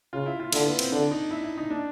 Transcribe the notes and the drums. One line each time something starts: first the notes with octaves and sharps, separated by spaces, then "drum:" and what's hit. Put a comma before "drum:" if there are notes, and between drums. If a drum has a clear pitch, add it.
C#3 F4
E4
F4
D3 E4, drum: cymbal
B3
C4, drum: cymbal
D3 D4
D#4
E4
E4
D#4
D4